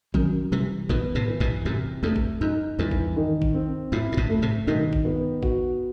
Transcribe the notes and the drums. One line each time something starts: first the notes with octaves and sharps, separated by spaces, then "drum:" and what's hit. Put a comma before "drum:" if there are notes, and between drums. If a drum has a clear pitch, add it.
F#2 D#3 F#3, drum: kick G#1
C3 E3 G3
B2 D#3 B3, drum: kick G#1
A2 C3
E3
G2 B2, drum: kick G#1
F#2 A2 C3
E2 G2 A3
drum: kick G#1
F#2 D#4
E2 G2 E3
drum: kick G#1
D#3
drum: kick G#1
C4
F#2 A2 E4
A2
G2 B2, drum: kick G#1
A3
A2 C3
G2 B2 D#3
drum: kick G#1
B3
F#4, drum: kick G#1